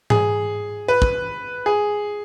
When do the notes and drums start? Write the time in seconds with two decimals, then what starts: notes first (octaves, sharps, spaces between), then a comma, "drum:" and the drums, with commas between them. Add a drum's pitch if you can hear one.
0.10 G#4, drum: tom G#2
0.88 B4
1.02 drum: kick
1.66 G#4